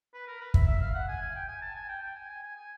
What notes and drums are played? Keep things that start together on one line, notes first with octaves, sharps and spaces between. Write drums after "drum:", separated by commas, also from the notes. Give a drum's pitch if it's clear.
B4
A#4
B4
E5, drum: kick
E5
F5
F#5
G#5
G#5
G5
G#5
A5
G#5
G5
G5
G#5
G#5
G#5
G#5